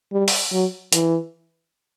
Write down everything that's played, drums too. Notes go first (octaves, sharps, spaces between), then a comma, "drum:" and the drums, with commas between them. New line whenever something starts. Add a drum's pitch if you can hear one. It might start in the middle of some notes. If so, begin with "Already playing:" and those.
G3
drum: open hi-hat
F#3
E3, drum: hi-hat